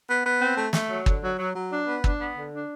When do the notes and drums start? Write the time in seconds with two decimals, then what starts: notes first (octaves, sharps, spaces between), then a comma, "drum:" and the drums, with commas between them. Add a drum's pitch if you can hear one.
0.08 B3
0.25 B3
0.40 C4
0.57 A3
0.73 A3, drum: snare
0.89 F#3
1.06 D3, drum: kick
1.23 F#3
1.38 F#3
1.55 F#3
1.71 D4
1.87 B3
2.04 D4, drum: kick
2.20 B3
2.36 D3
2.53 D4